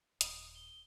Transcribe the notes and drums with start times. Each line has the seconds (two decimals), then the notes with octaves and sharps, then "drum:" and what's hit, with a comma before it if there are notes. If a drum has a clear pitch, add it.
0.21 D#1 D#6, drum: hi-hat
0.55 G7